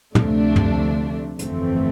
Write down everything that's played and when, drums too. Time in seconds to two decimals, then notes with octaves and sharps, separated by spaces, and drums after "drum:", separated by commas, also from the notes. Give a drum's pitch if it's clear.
0.15 D2 C3 F3 A3 D4, drum: tom
0.56 drum: tom
1.39 G1 F2 E3 A3 C4, drum: hi-hat